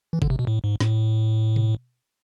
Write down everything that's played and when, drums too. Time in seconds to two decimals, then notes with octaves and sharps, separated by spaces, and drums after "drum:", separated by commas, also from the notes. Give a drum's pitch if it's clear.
0.13 E3
0.22 D3, drum: kick
0.30 C3
0.39 B2
0.47 A2
0.64 G#2
0.80 A2, drum: snare
1.56 drum: tom B2